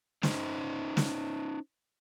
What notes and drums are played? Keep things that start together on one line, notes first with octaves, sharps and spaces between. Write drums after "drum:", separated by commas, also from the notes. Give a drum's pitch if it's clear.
C#4 D#4 C5, drum: snare
drum: snare